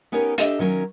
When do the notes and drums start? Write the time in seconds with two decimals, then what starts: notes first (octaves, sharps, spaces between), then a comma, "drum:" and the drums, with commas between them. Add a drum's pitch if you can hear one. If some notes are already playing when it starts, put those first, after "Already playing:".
0.12 B3 C#4 D#4 G4 A#4 C#5
0.38 D4 G4 A4 D#5 E5, drum: hi-hat
0.59 D#3 F#3 C#4 A#4